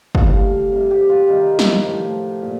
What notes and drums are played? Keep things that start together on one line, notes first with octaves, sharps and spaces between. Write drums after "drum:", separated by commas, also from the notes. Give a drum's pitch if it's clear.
A2 G3 F5, drum: kick
C3 G3
G4
F4
C3 D#3 G3 D#4
drum: snare
A2 F3
A#2